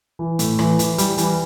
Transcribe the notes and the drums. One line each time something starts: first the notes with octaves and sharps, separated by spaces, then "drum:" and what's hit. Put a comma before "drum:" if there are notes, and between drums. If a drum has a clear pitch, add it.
E3
A2, drum: hi-hat
E3, drum: rim click
E3, drum: hi-hat
G3, drum: hi-hat
E3, drum: hi-hat